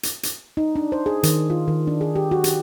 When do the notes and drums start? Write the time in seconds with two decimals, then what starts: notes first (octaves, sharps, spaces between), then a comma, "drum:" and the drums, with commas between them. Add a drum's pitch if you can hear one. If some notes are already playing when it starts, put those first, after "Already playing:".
0.03 drum: hi-hat
0.23 drum: hi-hat
0.57 D#4
0.76 D4
0.92 C5
1.06 G#4
1.23 D#3, drum: hi-hat
1.50 F4
1.68 D#3
1.87 D4
2.01 G#4
2.16 G4
2.31 F#4
2.44 G4, drum: hi-hat